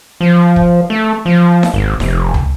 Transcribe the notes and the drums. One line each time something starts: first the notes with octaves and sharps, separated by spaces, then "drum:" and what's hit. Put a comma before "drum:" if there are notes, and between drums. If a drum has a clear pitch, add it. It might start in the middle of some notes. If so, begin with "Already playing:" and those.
F3
drum: kick
A3
F3
drum: snare D#4
G#1
F1, drum: snare D#4
drum: tom